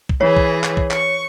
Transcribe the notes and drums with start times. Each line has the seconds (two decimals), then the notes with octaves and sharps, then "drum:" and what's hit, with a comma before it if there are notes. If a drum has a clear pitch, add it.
0.09 drum: kick B1
0.21 E3 G#4 C#5
0.36 drum: kick B1
0.64 drum: clap
0.77 drum: kick B1
0.91 C#6, drum: clap